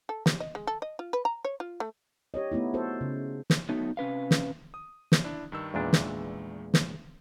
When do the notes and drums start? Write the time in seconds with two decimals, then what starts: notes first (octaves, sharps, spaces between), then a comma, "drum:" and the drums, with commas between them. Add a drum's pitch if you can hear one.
0.09 A4
0.26 G3, drum: snare
0.40 D#5
0.55 G#3
0.67 A4
0.82 D#5
0.99 F4
1.13 B4
1.25 A#5
1.45 C#5
1.60 F4
1.80 A3
2.34 G4 C#5 D#5
2.52 A3 B3 D#4 E4
2.74 F#4 A4 C5
3.01 C#3
3.50 drum: snare
3.69 F#3 A3 B3 D#4
3.97 C3 C#4 B4 F5
4.31 drum: snare
4.74 D#6
5.12 drum: snare
5.24 D4 E4
5.52 G2 D#3 E6
5.74 E2 A#2 G#3 D4 G#4 B4
5.93 drum: snare
6.74 drum: snare